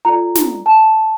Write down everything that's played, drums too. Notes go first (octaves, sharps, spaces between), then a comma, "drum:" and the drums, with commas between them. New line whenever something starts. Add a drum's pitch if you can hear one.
F4 A4 D5 A#5
drum: snare
A5